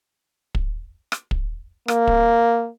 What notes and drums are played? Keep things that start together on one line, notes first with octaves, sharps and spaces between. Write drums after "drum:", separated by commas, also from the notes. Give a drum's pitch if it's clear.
drum: kick
drum: rim click
drum: kick
A#3, drum: rim click
drum: kick